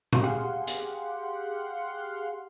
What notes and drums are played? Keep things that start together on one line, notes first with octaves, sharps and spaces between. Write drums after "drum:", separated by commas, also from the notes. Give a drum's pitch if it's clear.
drum: tom A#2
G4 G#4 F5 F#5 C6
drum: hi-hat